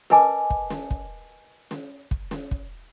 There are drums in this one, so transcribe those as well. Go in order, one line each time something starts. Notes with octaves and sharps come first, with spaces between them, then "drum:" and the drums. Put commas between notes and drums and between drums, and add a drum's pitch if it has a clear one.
A#4 B4 D#5 G#5 A5 D6, drum: snare
drum: kick
drum: snare
drum: kick
drum: snare
drum: kick
drum: snare
drum: kick